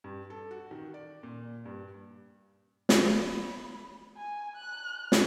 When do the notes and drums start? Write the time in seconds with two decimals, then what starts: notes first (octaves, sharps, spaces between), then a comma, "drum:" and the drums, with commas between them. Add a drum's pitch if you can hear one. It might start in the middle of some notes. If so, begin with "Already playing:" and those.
0.04 G2
0.30 A4
0.51 F#4
0.71 D#3
0.94 D5
1.23 A#2
1.65 G2
2.89 drum: snare
3.11 B5
4.17 G#5
4.56 F#6
5.12 drum: snare